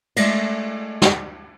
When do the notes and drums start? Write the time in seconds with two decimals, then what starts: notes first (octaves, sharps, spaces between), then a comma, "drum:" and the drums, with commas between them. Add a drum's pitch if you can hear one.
0.16 G#3 A3 D5 D#5, drum: cymbal
1.02 drum: snare